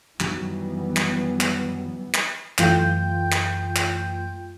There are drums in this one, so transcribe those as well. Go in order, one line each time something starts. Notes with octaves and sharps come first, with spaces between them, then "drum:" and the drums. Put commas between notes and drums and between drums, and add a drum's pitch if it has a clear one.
F#2 D#3 E3 F#3 G3 B3, drum: clap
drum: clap
drum: clap
drum: clap
F#2 E3 A3 F4 G5 G6, drum: clap
drum: clap
drum: clap